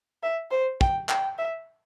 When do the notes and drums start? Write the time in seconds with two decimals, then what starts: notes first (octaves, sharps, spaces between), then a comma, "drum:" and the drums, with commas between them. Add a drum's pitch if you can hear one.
0.23 E5
0.51 C5
0.81 G5, drum: kick
1.09 G5, drum: clap
1.38 E5